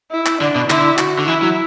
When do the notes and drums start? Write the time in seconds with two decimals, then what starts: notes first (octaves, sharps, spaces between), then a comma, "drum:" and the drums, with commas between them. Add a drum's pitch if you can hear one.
0.11 E4
0.26 drum: clap
0.41 D3 D4
0.55 B2
0.70 D3 E4, drum: clap
0.98 F#4, drum: clap
1.19 D3
1.28 E3 E4
1.43 F#3